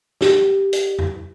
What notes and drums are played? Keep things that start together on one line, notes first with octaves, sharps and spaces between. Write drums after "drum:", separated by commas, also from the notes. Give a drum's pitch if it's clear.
G4, drum: snare
drum: hi-hat
drum: tom F2